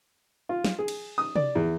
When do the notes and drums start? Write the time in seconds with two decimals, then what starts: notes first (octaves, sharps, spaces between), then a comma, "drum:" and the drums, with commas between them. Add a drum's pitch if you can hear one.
0.49 F4
0.64 drum: snare
0.79 G#4
0.88 drum: cymbal
1.18 D#6
1.36 D5, drum: tom C3
1.55 E2